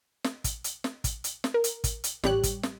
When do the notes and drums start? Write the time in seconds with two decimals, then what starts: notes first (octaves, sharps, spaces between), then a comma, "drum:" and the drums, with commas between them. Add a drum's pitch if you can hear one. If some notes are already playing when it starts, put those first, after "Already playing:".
0.24 drum: snare
0.44 drum: kick, hi-hat
0.64 drum: hi-hat
0.84 drum: snare
1.04 drum: kick, hi-hat
1.24 drum: hi-hat
1.44 drum: snare
1.54 A#4
1.64 drum: hi-hat
1.84 drum: kick, hi-hat
2.04 drum: hi-hat
2.24 A1 G3 G4 C#5 F#6, drum: snare
2.43 drum: kick, hi-hat
2.63 drum: snare